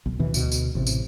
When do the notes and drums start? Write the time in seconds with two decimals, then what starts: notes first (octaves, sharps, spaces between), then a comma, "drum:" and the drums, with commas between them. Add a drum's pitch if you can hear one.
0.06 B1
0.19 D#2 B2 E3
0.34 D2 B2, drum: tambourine
0.52 drum: tambourine
0.75 A1 C3
0.87 drum: tambourine